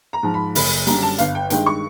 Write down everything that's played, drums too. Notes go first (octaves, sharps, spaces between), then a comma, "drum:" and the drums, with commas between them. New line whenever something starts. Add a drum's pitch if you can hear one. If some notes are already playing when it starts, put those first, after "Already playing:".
A#5
G#2 F3
B5
F#1 B5, drum: open hi-hat
F#2 D3 G3 A#5, drum: hi-hat
A5
G1 F5, drum: hi-hat
G5
G2 D#3 G#3 G5, drum: hi-hat
C#6